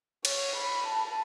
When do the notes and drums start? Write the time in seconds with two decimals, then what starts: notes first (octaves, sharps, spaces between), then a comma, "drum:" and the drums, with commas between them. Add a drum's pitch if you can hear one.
0.25 C#5, drum: cymbal
0.55 B5
0.87 A5